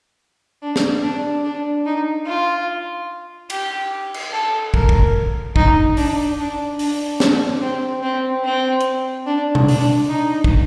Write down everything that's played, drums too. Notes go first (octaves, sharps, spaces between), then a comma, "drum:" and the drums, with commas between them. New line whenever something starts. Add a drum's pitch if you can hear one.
D4
drum: snare
D4
D4
D#4
F4
G4, drum: cymbal
drum: cymbal
A4
A#4, drum: kick
drum: kick
D#4, drum: kick
D4, drum: open hi-hat
D4
D4, drum: open hi-hat
D4, drum: snare
C4
C4
C4
drum: hi-hat
D4
drum: tom B2
D4, drum: open hi-hat
D#4
drum: kick